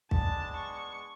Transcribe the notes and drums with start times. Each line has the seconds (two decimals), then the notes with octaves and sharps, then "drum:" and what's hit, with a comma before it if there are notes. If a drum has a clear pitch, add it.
0.11 G#3 B3 D4 A5, drum: kick
0.56 C#6